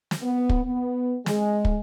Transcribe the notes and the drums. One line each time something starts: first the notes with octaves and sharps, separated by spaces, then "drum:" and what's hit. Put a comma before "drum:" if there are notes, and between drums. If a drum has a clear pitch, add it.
drum: snare
B3
drum: kick
B3
G#3, drum: snare
drum: kick